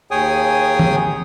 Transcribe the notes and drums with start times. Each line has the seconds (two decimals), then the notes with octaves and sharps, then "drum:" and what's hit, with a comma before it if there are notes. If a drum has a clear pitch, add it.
0.11 D#2 G#4 C#5 G5 G#5 D#6
0.79 drum: tom